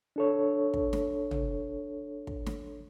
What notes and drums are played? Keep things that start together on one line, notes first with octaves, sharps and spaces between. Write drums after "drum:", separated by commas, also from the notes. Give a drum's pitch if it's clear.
D4 A4 C#5
drum: kick
drum: snare
drum: tom
drum: kick
drum: snare